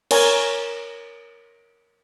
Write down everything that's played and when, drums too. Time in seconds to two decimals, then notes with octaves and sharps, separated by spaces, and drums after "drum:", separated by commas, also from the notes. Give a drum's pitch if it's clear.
0.11 A#4 C#5 G#5, drum: cymbal